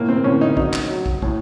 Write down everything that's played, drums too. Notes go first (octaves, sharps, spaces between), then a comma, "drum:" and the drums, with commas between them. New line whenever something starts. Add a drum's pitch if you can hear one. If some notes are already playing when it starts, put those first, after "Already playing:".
Already playing: A2 A#3
C4
A2 C#4
D#4
F#3 D#4, drum: kick
drum: clap
F#3
drum: kick
A2, drum: kick